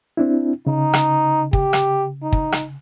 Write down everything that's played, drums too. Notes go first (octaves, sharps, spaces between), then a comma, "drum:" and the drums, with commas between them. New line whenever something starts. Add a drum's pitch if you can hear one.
C4 D4 E4
C#3 D#4
drum: rim click
G4, drum: kick
drum: rim click
D#4
drum: kick
drum: rim click